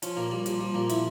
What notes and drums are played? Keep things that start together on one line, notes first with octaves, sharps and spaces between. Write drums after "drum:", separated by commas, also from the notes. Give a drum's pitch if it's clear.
F3 C#4, drum: hi-hat
A#2 A#3
A#2 G3
F3 G3, drum: hi-hat
F3 G3
A#2 A#3
F3 E4, drum: hi-hat